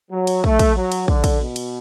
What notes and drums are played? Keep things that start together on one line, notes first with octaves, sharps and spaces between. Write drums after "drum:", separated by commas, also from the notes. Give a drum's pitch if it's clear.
F#3
drum: cymbal
A3, drum: kick
drum: kick, cymbal
F#3
drum: cymbal
D3, drum: kick
drum: kick, cymbal
B2
drum: cymbal